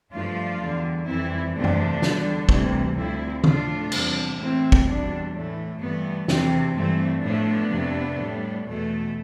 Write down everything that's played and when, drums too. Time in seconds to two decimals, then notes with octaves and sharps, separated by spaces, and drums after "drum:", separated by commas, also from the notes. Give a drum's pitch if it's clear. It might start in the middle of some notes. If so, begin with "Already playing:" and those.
0.12 G2 F3 A3 D4 F4
0.60 E2 D3 G3
1.07 F2 E3 G3 C4 E4
1.54 E2 C3 F3 A3 B3 D4
1.64 drum: tom F#2
2.02 E2 D3 G3, drum: snare
2.49 D2 C3 E3 G3, drum: kick
2.96 D2 D3 F3 C4 E4
3.44 A2 F3 A3 D4 F4, drum: tom D3
3.92 E2 C3 G3, drum: cymbal
4.38 A2 E3 A3 C4 E4
4.72 drum: kick
4.86 E2 B2 G3 B3 D4
5.33 A2 E3 A3
5.81 G2 E3 A3 B3
6.28 E2 C3 E3 A3 C4, drum: snare
6.76 G2 E3 G3 A3 C4
7.23 A2 F3 A3 B3 D4
7.71 F2 C3 F3 A3
8.17 A2 G3
8.65 E2 B2 A3